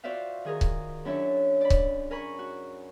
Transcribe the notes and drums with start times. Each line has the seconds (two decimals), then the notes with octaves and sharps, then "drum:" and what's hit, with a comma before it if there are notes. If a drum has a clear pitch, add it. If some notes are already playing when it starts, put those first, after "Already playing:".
0.04 F4 F#4 C5 D5 E5 F5
0.45 D#3 G#4 A#4
0.61 drum: kick C#1
1.05 F#2 D4 E4 C#5 E5
1.61 D5 B5
1.70 drum: kick C#1
2.11 A#4 G#5 B5 C#6
2.39 F#4